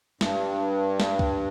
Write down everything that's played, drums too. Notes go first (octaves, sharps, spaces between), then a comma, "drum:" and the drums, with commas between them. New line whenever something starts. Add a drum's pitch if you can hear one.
G2, drum: snare
drum: snare
drum: kick